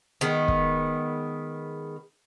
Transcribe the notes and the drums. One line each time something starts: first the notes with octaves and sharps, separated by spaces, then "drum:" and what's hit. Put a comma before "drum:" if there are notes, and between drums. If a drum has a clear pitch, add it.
D#3 G#3 B3
drum: kick